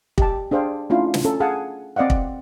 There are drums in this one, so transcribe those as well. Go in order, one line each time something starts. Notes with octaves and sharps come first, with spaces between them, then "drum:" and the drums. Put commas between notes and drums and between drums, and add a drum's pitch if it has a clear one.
G4 D#5 A5, drum: kick
D4 G#4 C5 F5 G5
A3 C#4 D4 E4 F4 F5
drum: snare
C#4 A4 A#5
G#4 F5 F#5 G#5 A5
C4 D5 D#5 F5 F#5
drum: kick